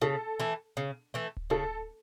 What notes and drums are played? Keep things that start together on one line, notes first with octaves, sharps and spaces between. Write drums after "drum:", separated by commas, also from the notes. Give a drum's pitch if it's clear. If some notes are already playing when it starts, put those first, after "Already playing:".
C#3 A4
E3 A3
C#3
E3 A3
drum: kick D1
C#3 A4